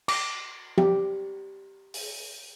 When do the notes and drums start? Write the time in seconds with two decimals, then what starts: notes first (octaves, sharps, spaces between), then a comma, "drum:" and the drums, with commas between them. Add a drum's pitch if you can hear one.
0.08 D6, drum: cymbal
0.78 G4, drum: tom F3
1.94 drum: open hi-hat